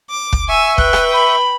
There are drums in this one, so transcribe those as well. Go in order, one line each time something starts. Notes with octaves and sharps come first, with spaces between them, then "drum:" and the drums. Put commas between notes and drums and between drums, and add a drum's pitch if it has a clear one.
D6
drum: kick
E5 G#5 C#6 E6
B4 G5 F#6, drum: kick
drum: rim click
B5